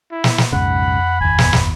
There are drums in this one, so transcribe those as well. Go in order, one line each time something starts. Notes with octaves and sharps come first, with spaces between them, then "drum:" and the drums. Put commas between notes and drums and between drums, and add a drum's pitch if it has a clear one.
E4
drum: snare
drum: snare
B1 F2 G#2 C#3 F#5 B5
G#1 D#2 G#5
drum: snare
drum: snare